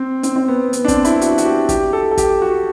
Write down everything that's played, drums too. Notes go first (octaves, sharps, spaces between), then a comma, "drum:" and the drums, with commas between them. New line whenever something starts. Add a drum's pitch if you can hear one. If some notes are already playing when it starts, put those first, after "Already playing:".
Already playing: C4
C4, drum: hi-hat
C4
B3
B3, drum: hi-hat
D4
C4, drum: kick, hi-hat
E4, drum: hi-hat
F#4, drum: hi-hat
F#4, drum: hi-hat
G4
G4, drum: kick, hi-hat
A4
A4
G4, drum: kick, hi-hat
F#4